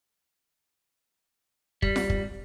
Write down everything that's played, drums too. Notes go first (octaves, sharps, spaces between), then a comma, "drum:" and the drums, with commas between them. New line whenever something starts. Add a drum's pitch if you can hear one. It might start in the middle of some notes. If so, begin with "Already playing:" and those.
G3, drum: kick
drum: snare F4
drum: kick